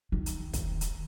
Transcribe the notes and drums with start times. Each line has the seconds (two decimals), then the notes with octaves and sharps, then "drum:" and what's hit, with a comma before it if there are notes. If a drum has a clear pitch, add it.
0.12 D#3
0.26 drum: hi-hat
0.53 drum: kick, hi-hat
0.81 drum: hi-hat